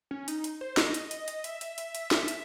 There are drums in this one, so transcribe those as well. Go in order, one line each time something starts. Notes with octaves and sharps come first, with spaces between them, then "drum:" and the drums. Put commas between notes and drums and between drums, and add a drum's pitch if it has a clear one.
C#4
D#4, drum: hi-hat
drum: hi-hat
C5
D#5, drum: snare
drum: hi-hat
drum: hi-hat
drum: hi-hat
E5, drum: hi-hat
drum: hi-hat
drum: hi-hat
drum: hi-hat
drum: snare
drum: hi-hat